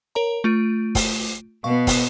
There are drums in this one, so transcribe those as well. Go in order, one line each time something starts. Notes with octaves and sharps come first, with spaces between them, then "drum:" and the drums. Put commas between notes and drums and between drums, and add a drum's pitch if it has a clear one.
A#4 C#5 A#5
A3 F4 D7
drum: kick, open hi-hat
B2 B3 F5 C#6
drum: kick, open hi-hat